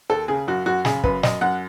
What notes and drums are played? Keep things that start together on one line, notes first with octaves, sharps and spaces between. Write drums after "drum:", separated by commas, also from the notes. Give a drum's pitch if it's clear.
D#2 A4
C#3 G#4
F#2 F#4
F#2 F#4
C#3 G#4, drum: snare
F#2 B4, drum: kick
F#2 D#5, drum: snare
F#2 F#5